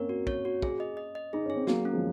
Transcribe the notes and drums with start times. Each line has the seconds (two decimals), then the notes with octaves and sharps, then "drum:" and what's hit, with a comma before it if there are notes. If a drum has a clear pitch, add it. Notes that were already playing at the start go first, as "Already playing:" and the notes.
Already playing: A#3 C4 C#4 A#4
0.09 F#4
0.27 C#5, drum: kick
0.45 F#4
0.62 G#4, drum: kick
0.80 D#5
0.97 D#5
1.15 D#5
1.33 D#4 G#4
1.46 C#4 G#4
1.56 C4
1.67 F#3 A#3 F#4, drum: snare
1.85 C#4
1.93 F3 G#3